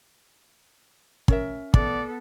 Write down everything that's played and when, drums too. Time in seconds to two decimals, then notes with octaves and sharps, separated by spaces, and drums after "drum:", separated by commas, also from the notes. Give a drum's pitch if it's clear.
1.28 C#4 A#4 E5, drum: kick
1.74 B3 A4 D5, drum: kick